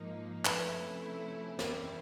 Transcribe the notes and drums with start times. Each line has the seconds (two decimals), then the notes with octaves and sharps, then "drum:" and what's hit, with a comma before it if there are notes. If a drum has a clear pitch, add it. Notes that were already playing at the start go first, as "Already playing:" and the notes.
Already playing: G#2 F3 A#3 D#4
0.45 C3 F3 A3 C#4 E4 B4, drum: clap
1.59 E2 B2 G3 C4 E4 A#4, drum: snare